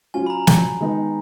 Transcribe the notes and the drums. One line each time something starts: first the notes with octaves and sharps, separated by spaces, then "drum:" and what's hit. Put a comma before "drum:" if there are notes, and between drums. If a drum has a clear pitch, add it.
F#3 C#4 F4 G#5
B5
A#5
drum: snare
D#3 G#3 B3 D#4